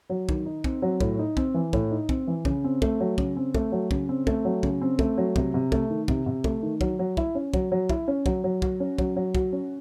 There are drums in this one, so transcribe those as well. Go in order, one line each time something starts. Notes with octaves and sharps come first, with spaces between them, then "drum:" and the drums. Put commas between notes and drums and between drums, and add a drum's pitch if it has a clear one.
F#3
D#3, drum: kick
D#4
C4, drum: kick
F#3
A2, drum: kick
D#4
C4, drum: kick
E3
A2, drum: kick
D#4
C4, drum: kick
E3
C#3, drum: kick
C4
A3, drum: kick
F#3
C#3, drum: kick
C4
A3, drum: kick
F#3
C#3, drum: kick
C4
A3, drum: kick
F#3
C#3, drum: kick
C4
A3, drum: kick
F#3
C3, drum: kick
C3
A3, drum: kick
D#3
C3, drum: kick
C3
A3, drum: kick
D#3
F#3, drum: kick
F#3
E4, drum: kick
C#4
F#3, drum: kick
F#3
E4, drum: kick
C#4
F#3, drum: kick
F#3
F#4, drum: kick
C#4
F#3, drum: kick
F#3
F#4, drum: kick
C#4